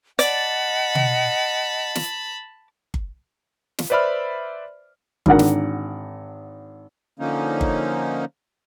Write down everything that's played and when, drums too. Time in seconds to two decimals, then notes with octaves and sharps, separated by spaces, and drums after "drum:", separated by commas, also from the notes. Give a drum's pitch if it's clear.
0.19 D5 D#5 F#5 A5 B5, drum: hi-hat
0.95 drum: tom B2
1.96 drum: snare
2.94 drum: kick G1
3.79 drum: snare
3.90 B4 C5 D5 E5 B5 F6
5.26 G#1 D3 A#4 F#5, drum: kick G1
5.39 drum: snare
7.19 D3 F3 A#3 C#4 D#4
7.61 drum: kick G1